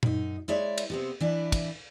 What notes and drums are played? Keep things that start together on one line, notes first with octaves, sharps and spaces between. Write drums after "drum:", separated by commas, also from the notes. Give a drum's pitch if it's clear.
F#2 D#4, drum: tom A#2
G#3 E4 C#5 D5 E5
drum: cymbal
C3 B3 C4
E3 D4 E4
drum: kick, cymbal